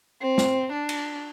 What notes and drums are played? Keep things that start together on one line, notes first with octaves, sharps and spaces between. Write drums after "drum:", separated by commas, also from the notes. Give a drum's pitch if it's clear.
C4
drum: snare
D4
drum: cymbal